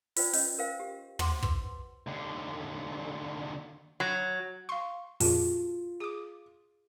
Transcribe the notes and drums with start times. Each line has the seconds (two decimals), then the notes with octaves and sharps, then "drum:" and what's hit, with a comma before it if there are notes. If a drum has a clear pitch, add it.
0.16 F4 B4 C5 D5 G5, drum: open hi-hat
0.33 C#4 B4 D#5, drum: open hi-hat
0.59 A#4 C5 F5 G5
0.80 G4
1.19 F#4 C5 F#5 C6 D6, drum: tom
1.43 B4 C6, drum: kick
2.07 D#2 D3
4.00 F#3
4.69 F5 C6 C#6
5.20 F2 A#2 F4 F#4 G#4 A5, drum: open hi-hat
6.00 G#4 D6 D#6